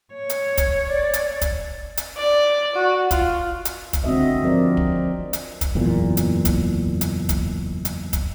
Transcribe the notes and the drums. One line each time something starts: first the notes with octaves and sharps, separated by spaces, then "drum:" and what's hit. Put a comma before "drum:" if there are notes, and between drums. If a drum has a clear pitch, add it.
C#5
drum: hi-hat
drum: kick, hi-hat
D5
drum: hi-hat
drum: kick, hi-hat
drum: hi-hat
D5
F#4
F4, drum: kick, hi-hat
drum: hi-hat
drum: kick, hi-hat
D3 G#3 C4 F#4 D#5 E5
F3 C4 A#4 D5 D#5
drum: kick
drum: hi-hat
drum: kick, hi-hat
F#1 E2 A#2
drum: hi-hat
drum: kick, hi-hat
drum: hi-hat
drum: kick, hi-hat
drum: hi-hat
drum: kick, hi-hat